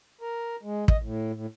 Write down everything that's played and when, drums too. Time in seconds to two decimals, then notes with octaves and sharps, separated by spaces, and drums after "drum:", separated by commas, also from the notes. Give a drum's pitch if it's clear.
0.21 A#4
0.63 G#3
0.88 D#5, drum: kick
1.02 A2
1.33 A2